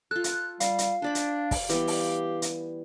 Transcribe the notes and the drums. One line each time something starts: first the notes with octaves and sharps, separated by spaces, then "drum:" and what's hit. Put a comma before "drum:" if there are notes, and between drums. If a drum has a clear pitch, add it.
F4 A4 F#6
drum: hi-hat
G3 F5, drum: hi-hat
drum: hi-hat
D4 C5 D5 B5
drum: hi-hat
drum: kick, open hi-hat
E3 G3 B3 G4, drum: hi-hat
drum: open hi-hat
drum: hi-hat